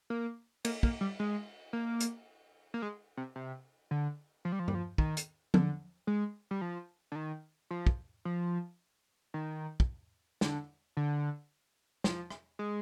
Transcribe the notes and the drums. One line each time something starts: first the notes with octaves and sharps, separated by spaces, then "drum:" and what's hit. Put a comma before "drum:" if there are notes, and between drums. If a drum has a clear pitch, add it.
A#3
A#3, drum: cymbal
A#3, drum: kick
G3
G#3
A#3
drum: hi-hat
A#3
G#3
C3
C3
D3
F3
G3
F3
G3, drum: tom G2
F3
D#3, drum: kick
drum: hi-hat
D3, drum: tom F3
G#3
G3
F3
D3
D#3
F3
drum: kick
F3
D#3
drum: kick
D3, drum: snare
D3
F3, drum: snare
drum: rim click
G#3